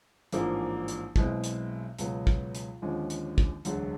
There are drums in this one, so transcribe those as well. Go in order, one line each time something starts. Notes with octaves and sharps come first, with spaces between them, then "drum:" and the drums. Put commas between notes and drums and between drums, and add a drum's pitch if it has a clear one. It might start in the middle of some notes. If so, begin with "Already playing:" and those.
A1 G#2 F3 A#3 D4, drum: hi-hat
drum: hi-hat
B1 B2 G#3 C4 E4, drum: kick
drum: hi-hat
C#2 B2 F#3 B3, drum: hi-hat
drum: kick
drum: hi-hat
D#2 D3 F3 G#3 C#4
drum: hi-hat
drum: kick
E1 D2 D3 F#3, drum: hi-hat